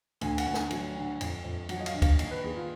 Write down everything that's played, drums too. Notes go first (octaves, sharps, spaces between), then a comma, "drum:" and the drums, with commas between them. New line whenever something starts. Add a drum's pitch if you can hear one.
D2 G#5, drum: cymbal
F#5, drum: cymbal
D2
G#5, drum: snare
F#3, drum: cymbal
D3
F2, drum: cymbal
F2
F#3 F#5, drum: cymbal
D#5
F5, drum: cymbal
D3
F5, drum: kick, cymbal
D#2 D#5, drum: cymbal
B4
D#2 G#4
F4